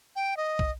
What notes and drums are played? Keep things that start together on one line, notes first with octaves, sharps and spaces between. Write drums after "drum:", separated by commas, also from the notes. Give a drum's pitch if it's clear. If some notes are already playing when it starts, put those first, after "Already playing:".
G5
D#5
drum: kick